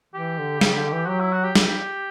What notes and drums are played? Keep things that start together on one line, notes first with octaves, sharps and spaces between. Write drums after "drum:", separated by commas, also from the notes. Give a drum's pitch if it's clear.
E3 G4
D3
C#3, drum: snare
D3
E3
F#4
F#3 G4
E4
F#4
G4
G4, drum: snare